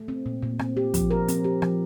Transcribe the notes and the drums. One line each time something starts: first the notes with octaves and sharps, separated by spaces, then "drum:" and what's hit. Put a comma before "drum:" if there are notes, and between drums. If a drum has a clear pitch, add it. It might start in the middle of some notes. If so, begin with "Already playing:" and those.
Already playing: A3
C4
A#2
A#2
C4, drum: rim click
G4
F3, drum: kick, hi-hat
A#4
C4, drum: hi-hat
G4
F3, drum: rim click